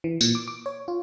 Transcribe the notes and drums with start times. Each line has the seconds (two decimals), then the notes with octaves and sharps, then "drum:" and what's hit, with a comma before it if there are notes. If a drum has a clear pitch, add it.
0.04 E3
0.21 A#2, drum: tambourine
0.35 D6
0.48 D6
0.66 C#5
0.88 F4